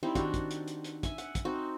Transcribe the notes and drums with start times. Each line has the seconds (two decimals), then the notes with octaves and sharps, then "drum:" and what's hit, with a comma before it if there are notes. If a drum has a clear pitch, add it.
0.03 G3 C4 D#4 E4
0.15 D#3 D4 F#4 G4, drum: kick, hi-hat
0.34 drum: kick, hi-hat
0.51 drum: hi-hat
0.68 drum: hi-hat
0.84 drum: hi-hat
1.03 E5 G#5, drum: kick, hi-hat
1.18 F#5, drum: hi-hat
1.35 drum: kick, hi-hat
1.45 C4 D#4 F#4